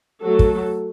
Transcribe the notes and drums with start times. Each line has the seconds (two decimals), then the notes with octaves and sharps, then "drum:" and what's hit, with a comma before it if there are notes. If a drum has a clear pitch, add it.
0.22 F#3 A3 F#4 A4
0.39 drum: kick